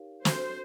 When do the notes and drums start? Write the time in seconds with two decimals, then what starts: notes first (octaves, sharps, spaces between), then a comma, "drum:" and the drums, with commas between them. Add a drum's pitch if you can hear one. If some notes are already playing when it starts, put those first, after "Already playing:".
Already playing: D#4 G4 A#4 C#5 F5
0.25 D4 F#4 A4 C5, drum: snare